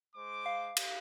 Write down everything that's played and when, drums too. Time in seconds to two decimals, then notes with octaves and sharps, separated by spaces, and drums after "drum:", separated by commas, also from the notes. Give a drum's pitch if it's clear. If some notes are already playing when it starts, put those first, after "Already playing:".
0.16 G#3 C5 D6
0.46 F5
0.77 drum: cymbal